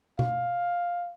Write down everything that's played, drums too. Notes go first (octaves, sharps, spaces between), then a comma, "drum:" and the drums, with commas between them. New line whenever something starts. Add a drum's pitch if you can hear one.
F5, drum: tom B2